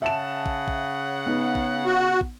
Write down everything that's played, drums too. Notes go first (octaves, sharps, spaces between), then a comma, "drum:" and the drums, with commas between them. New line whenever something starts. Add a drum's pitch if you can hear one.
C#3 E5 F#5 A5 E7
drum: kick
drum: kick
B3 D#4
drum: kick
F#4
drum: kick